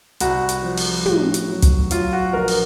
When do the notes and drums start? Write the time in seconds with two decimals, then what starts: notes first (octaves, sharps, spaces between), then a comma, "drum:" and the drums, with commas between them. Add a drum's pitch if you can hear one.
0.21 C2 F#4, drum: hi-hat
0.49 drum: hi-hat
0.63 F3
0.77 drum: open hi-hat
1.06 A2, drum: tom
1.34 drum: hi-hat
1.48 F#3
1.63 drum: kick, hi-hat
1.91 F#3 F4, drum: hi-hat
2.13 F#4
2.33 A#1 A#4
2.48 drum: open hi-hat